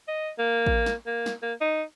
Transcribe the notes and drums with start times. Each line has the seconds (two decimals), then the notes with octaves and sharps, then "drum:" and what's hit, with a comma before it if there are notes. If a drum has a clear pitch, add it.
0.08 D#5
0.39 A#3
0.67 drum: kick A1
0.86 drum: snare
1.06 A#3
1.26 drum: snare
1.42 A#3
1.61 D#4